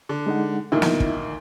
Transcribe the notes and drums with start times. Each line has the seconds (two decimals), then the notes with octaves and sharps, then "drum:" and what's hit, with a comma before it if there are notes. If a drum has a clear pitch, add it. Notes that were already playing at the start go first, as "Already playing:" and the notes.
0.09 D3
0.27 G#3 D#4 F#5
0.72 D2 A#2 D#3 D#4 E4 E5
0.82 drum: snare
1.00 drum: kick